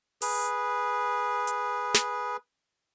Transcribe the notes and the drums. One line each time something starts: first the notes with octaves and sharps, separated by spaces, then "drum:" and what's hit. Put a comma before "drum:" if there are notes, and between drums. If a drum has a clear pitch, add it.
G#4 B4, drum: open hi-hat
drum: hi-hat
drum: snare